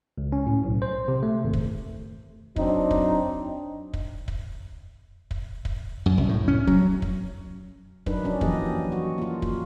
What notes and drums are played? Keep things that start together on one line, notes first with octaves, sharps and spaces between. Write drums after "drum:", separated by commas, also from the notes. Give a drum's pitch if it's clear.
C#2
C#4
A2
B1
C5
C3
A3
G#1
drum: kick
F#3 C4 D4 D#4, drum: kick
drum: kick
drum: kick
drum: kick
drum: kick
drum: kick
F#2
C2
A2
C#4
F#3, drum: kick
drum: kick
F#3 D4 D#4 A#4 B4, drum: kick
F3 F#3 C#4 D4
E3 F#3 A#3 G4 D#5, drum: kick
F#4
A#3 F4
drum: kick